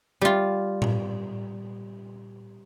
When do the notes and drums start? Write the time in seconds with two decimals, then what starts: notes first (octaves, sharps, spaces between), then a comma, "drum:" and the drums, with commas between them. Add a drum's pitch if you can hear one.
0.21 G3 F4
0.82 drum: tom A2